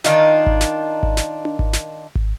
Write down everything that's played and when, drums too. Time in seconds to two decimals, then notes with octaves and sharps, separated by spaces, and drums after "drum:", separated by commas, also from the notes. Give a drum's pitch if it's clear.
0.04 D#3 D4 D#4 F4, drum: snare
0.47 drum: kick G#1
0.61 drum: snare
1.03 drum: kick G#1
1.17 drum: snare
1.45 drum: tom D4
1.59 drum: kick G#1
1.73 drum: snare
2.15 drum: kick G#1